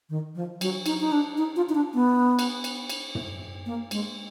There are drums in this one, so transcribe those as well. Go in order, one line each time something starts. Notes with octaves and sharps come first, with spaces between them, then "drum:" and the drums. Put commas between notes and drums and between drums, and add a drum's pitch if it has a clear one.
D#3
F3
F#3, drum: cymbal
D#4, drum: cymbal
D#4
D4
D#4
F4
D#4
D4
B3
drum: cymbal
drum: cymbal
drum: cymbal
drum: tom
A#3
G#3, drum: cymbal